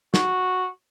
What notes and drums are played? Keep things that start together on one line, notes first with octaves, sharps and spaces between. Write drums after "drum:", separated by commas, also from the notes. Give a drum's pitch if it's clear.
F#4, drum: snare